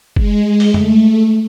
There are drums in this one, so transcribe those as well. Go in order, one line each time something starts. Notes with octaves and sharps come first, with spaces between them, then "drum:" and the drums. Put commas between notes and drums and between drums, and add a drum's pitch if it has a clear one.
G#3, drum: kick F#1
drum: open hi-hat
A3, drum: tom F2